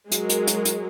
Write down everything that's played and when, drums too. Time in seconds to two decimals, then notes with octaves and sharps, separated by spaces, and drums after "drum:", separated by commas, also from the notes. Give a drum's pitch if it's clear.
0.12 F#3 G#3 A#4, drum: hi-hat
0.29 drum: hi-hat
0.47 drum: hi-hat
0.65 drum: hi-hat